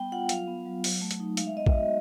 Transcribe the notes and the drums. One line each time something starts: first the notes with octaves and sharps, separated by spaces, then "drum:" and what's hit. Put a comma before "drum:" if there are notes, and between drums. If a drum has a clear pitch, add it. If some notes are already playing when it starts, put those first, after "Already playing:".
Already playing: G3 B3 G5
F4 F#5
F#3 F5, drum: hi-hat
B3
F#3
F#3, drum: open hi-hat
A3
drum: hi-hat
D#4
G#3 F5, drum: hi-hat
E5
B3 D#5
E5, drum: kick
F#4